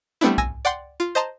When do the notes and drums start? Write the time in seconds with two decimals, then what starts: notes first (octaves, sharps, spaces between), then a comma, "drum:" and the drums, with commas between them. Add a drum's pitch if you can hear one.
0.21 G3 A3 B3 C4 D4 E4
0.38 G#5 E6 A#6, drum: kick
0.65 D5 F#5 G5 C6
1.00 F4
1.15 C5 D#5 A5 A#5 C6